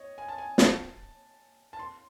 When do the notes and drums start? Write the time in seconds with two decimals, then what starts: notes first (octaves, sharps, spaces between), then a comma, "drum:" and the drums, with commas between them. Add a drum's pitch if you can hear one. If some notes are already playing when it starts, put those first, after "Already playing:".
Already playing: C#5 D#5
0.18 G#5
0.28 A5
0.38 G#5
0.58 A5, drum: snare
1.73 A5
1.79 C6